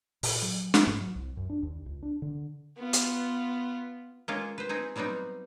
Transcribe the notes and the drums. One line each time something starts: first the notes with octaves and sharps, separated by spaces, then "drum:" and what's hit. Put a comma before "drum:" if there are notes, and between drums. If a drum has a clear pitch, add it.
A#2, drum: open hi-hat
F#3
drum: snare
G#2
F#3
C2
F#2
D4
D#2
C#2
D4
D3
B3 F4
drum: hi-hat
G#3 A#3 C#4 F4
B4 C5
C4 D#4 G#4
F#3 G3 B3 C4 D#4